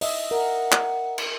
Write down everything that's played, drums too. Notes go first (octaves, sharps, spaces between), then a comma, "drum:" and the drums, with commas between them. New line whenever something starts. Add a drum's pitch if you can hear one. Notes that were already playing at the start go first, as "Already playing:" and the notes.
D#5 E5, drum: open hi-hat
A#4 F#5
drum: clap
drum: cymbal